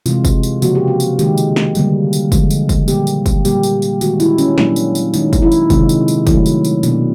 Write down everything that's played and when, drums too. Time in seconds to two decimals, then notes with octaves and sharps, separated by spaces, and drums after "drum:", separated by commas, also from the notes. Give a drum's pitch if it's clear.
0.06 C3 E3 G#3 F4, drum: tambourine
0.25 drum: kick, tambourine
0.43 drum: tambourine
0.62 C#3 F3 A#3 F#4, drum: tambourine
0.75 G4
0.88 F#4
1.00 drum: tambourine
1.19 D#3 G#3 G4, drum: tambourine
1.38 drum: tambourine
1.56 drum: snare
1.75 D3 G3 A#3, drum: tambourine
2.13 drum: tambourine
2.32 D3 F3 G#3, drum: kick, tambourine
2.50 drum: tambourine
2.69 drum: kick, tambourine
2.88 A#2 G3 A#3 G4, drum: tambourine
3.07 drum: tambourine
3.26 drum: kick, tambourine
3.45 A#2 G3 A#3 G4, drum: tambourine
3.63 drum: tambourine
3.82 drum: tambourine
4.01 D#3 G#3 F#4, drum: tambourine
4.20 E4, drum: tambourine
4.38 C#4, drum: tambourine
4.58 A#2 F#3 A#3 D4, drum: snare
4.76 drum: tambourine
4.95 drum: tambourine
5.14 D#3 G#3 D#4, drum: tambourine
5.33 drum: kick, tambourine
5.42 E4
5.52 drum: tambourine
5.70 C3 D#3 G#3 F4, drum: kick, tambourine
5.89 drum: tambourine
6.08 drum: tambourine
6.27 D#3 F#3 A3 E4, drum: kick, tambourine
6.46 drum: tambourine
6.64 drum: tambourine
6.83 B2 F#3 A#3 D4, drum: tambourine